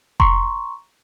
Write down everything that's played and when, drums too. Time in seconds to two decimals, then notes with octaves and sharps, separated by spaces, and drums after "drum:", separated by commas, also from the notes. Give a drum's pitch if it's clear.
0.20 A#5 C6 C#6, drum: kick F1